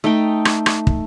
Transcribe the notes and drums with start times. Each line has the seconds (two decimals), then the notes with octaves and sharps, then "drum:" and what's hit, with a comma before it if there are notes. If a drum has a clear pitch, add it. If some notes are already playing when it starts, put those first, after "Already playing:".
0.04 A3 D#4 A4 G5
0.45 drum: rim click
0.66 drum: rim click
0.87 drum: kick